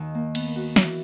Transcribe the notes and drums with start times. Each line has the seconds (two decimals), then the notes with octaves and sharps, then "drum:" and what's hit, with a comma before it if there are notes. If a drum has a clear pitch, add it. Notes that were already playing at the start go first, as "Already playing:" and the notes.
Already playing: D#2 D#3
0.15 A#3
0.35 B3, drum: cymbal
0.56 F#4
0.76 E3, drum: snare